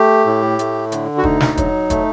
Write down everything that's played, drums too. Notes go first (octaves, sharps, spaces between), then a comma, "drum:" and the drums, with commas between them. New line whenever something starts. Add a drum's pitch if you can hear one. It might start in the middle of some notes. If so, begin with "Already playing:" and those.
Already playing: A3 G4
A2
A3, drum: hi-hat
D3, drum: hi-hat
F#4
D2 D#4, drum: kick
drum: snare
F#3, drum: kick, hi-hat
A3, drum: kick, hi-hat